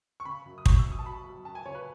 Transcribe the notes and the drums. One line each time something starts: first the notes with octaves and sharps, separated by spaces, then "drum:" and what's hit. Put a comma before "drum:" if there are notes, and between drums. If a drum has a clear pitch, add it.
C#6
C#3 B5
F#2
D#6
F#2 C#6, drum: kick
E6
F#2
D#6
A5
F#3 B5
F#3
F#2 A5
G#5
C#3 C#5
B4